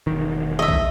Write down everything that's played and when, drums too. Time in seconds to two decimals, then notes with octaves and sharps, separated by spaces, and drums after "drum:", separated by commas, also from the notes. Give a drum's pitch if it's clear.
0.07 E1 D#3
0.59 D#5 E5
0.68 drum: kick